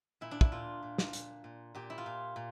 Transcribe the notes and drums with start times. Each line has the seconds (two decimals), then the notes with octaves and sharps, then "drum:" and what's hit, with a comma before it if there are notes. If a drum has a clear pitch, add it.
0.21 A#2 E4
0.31 D4
0.41 E4, drum: kick
0.52 A#2 F4
0.83 A#2
0.98 drum: snare
1.13 A#2, drum: hi-hat
1.44 A#2
1.75 A#2 G4
1.90 E4
1.98 F4
2.06 A#2
2.36 A#2